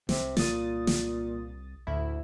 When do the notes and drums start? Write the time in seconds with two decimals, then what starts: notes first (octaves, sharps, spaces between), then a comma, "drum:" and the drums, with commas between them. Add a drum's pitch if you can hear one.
0.09 C2 C3, drum: snare
0.37 A#2 D#6 A6, drum: snare
0.87 drum: snare
1.87 D2 A2 E4